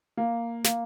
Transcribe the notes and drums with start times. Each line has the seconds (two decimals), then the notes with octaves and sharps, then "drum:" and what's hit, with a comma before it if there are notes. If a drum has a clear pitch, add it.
0.17 A#3
0.65 A#3, drum: snare